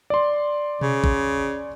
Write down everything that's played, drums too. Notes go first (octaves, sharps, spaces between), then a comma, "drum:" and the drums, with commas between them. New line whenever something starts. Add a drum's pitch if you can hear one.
D5 C6
C#3, drum: tom B2
drum: kick A1